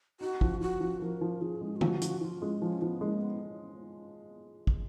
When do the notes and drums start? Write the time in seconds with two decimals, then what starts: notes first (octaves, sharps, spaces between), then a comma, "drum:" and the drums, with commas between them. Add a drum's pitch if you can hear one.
0.20 D#4 F#4
0.41 F3, drum: kick
0.61 F3 F#4
0.81 F3
1.02 F3 A#4
1.21 F3
1.41 F3 G#4
1.61 G#3
1.76 F4
1.81 F3 F#4, drum: tom D3
2.02 F3, drum: hi-hat
2.21 F3 F4
2.42 G#3
2.61 F3 C#4
2.81 F3 B3
3.01 G#3 A#3
3.21 B3
4.67 drum: kick